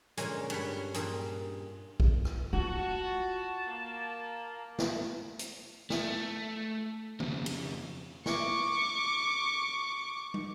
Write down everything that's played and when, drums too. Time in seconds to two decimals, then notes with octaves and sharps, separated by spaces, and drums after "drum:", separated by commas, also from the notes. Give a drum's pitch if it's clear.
0.17 A#2 D3 G#3 C#4 G#5, drum: hi-hat
0.50 G2 B4 C#5 B5, drum: cymbal
0.94 G2 A#2 G#4, drum: hi-hat
2.00 drum: kick A#1
2.25 drum: rim click
2.53 F4 F#4 A5
3.67 A#3
4.79 drum: snare
5.39 drum: hi-hat
5.90 A3, drum: snare
7.20 F2 C#3, drum: tom D#3
7.46 drum: cymbal
8.26 C#6 D6, drum: snare
10.34 drum: tom